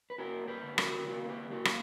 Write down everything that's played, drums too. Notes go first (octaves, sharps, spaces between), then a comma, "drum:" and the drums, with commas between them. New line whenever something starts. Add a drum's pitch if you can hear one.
B4
A#3 F#4 A#4
G4 B4
D3
F#4 A#4, drum: rim click
A#3 F#4 A#4
A#4
G4 B4
A#3 F#4 A#4
drum: rim click